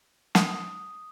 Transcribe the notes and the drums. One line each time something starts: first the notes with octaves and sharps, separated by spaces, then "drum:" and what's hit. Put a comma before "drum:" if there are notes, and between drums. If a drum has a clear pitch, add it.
D#6, drum: snare